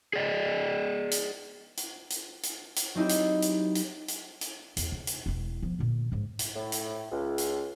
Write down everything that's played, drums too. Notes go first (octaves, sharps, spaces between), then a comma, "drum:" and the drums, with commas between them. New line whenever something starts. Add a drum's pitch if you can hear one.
G#4 D5 D#5
drum: hi-hat
drum: hi-hat
drum: hi-hat
drum: hi-hat
drum: hi-hat
F#3 C4 D#4 E4 G4
drum: hi-hat
drum: hi-hat
drum: hi-hat
drum: hi-hat
drum: hi-hat
E2, drum: hi-hat
C#3
drum: hi-hat
E1 E4
F3 B3
A#2 D3
G#2 C#3
drum: hi-hat
A2
drum: hi-hat
C#2
drum: hi-hat